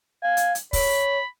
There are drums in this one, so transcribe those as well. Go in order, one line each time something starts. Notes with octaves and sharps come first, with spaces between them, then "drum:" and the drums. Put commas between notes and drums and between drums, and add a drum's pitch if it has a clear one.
F5 G#5
drum: hi-hat
drum: hi-hat
C#5 B5, drum: kick, open hi-hat